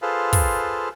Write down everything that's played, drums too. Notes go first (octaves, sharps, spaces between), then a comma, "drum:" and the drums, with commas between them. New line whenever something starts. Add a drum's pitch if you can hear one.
F4 G#4 A4 B4 C5 F5
drum: kick, open hi-hat